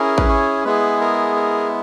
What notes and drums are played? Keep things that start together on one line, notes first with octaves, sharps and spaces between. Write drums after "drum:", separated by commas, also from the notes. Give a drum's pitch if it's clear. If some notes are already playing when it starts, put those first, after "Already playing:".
Already playing: C#4 E4 G#4 A#4
B4, drum: kick A1
C#5
G#3 B3 E4 G#4 B4
A#4
A#4